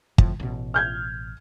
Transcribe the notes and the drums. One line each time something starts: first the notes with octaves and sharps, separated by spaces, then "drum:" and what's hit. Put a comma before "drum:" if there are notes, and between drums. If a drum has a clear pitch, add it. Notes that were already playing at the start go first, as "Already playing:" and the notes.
F2 A2 F3, drum: kick
A1 B2
F6 G6 G#6